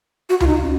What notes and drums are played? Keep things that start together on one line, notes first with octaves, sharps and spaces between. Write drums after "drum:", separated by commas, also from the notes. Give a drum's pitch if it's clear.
F#4
F4, drum: tom C#2
D#4
C#4